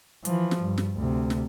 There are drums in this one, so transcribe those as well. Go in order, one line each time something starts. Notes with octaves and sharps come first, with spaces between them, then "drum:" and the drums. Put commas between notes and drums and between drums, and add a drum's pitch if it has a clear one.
E3 F3, drum: hi-hat
drum: snare
G2
drum: snare
D2 C3
drum: snare